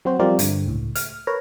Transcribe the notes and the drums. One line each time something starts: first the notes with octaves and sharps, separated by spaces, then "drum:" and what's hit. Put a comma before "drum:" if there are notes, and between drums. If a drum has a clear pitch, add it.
F#3 C4 F#4 C5
F3 G3 C4 F4 A#4 D5
G2 D3, drum: hi-hat
C#2 A2
F6, drum: hi-hat
A#4 B4 C#5 A#5